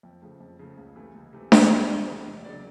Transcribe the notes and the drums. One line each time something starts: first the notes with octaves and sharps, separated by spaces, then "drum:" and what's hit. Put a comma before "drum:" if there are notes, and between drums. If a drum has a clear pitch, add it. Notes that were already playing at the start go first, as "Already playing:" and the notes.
F2 G5
C#3 F3 A3
F2
C#3 F3 A3
C#2 F5
C3 E3 A3
C#2
C3 E3 A3
C#2 E5, drum: snare D4
C3 E3 A3
C#2
C3 E3 A3
E2 D#5
C#3 F#3 A#3 D5